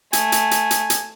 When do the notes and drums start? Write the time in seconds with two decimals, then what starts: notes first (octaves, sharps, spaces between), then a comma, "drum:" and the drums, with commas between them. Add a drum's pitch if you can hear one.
0.13 A3 G#5, drum: hi-hat
0.32 drum: hi-hat
0.51 drum: hi-hat
0.71 drum: hi-hat
0.90 drum: hi-hat